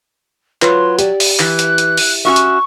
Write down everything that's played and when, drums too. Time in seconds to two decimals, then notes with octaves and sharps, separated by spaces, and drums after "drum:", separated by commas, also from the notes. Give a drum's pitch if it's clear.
0.62 F#3 F4 B4 C#5 C6, drum: clap
0.99 G4 D5, drum: hi-hat
1.20 drum: open hi-hat
1.40 E3 F#6, drum: clap
1.59 drum: hi-hat
1.78 drum: hi-hat
1.97 drum: open hi-hat
2.25 C#4 F#4 E5 C#6
2.36 drum: hi-hat